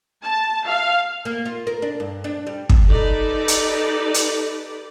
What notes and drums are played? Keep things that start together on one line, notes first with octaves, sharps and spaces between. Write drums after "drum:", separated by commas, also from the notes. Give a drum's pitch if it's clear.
A5
F5
A#3
F4
A#4
D4
G2
D4
G3
drum: kick
D#4 G4 A4 B4 D5
drum: hi-hat
drum: hi-hat